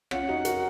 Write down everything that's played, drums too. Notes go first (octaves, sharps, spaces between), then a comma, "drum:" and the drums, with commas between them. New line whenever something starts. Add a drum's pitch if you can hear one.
C#4 F4 F#5, drum: rim click
D#4 F#4
F#4 A#4, drum: hi-hat